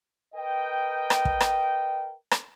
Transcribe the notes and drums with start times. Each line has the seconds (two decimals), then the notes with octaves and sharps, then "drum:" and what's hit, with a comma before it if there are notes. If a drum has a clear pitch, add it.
0.34 A#4 B4 D#5 G5
1.10 drum: rim click
1.25 drum: kick
1.40 drum: rim click
2.31 drum: rim click